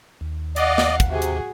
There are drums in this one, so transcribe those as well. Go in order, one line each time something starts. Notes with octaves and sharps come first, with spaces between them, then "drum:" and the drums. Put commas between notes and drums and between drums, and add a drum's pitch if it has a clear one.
D#2
D5 D#5 F5 F#5, drum: hi-hat
drum: snare
drum: kick, hi-hat
C3 F#4 G#4
drum: hi-hat